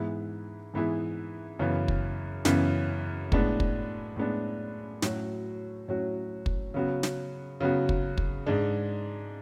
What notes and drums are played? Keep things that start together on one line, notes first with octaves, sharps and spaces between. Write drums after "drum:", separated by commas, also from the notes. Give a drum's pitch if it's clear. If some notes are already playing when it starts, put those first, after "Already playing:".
Already playing: G#2 E3 B3 E4 G#4
G#2 E3 B3 E4 G#4
F#2 C#3 E3 B3
drum: kick
F#2 C#3 E3 B3, drum: snare
A2 G#3 B3 D4, drum: kick
drum: kick
A2 G#3 B3 D4
A2 F#3 C#4 F#4, drum: snare
A2 F#3 C#4 F#4
drum: kick
C#3 F#3 B3 F#4
drum: snare
C#3 F#3 B3 F#4
drum: kick
drum: kick
G#2 G#3 D4